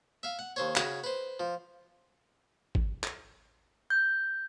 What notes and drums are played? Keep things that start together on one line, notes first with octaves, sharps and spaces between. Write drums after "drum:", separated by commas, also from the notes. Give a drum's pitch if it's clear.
E5 F5
F#5
D#2 C5 C#5
C#3 F#4 C#5 B5, drum: clap
B4 C5
F3
drum: kick G#1
drum: clap
G6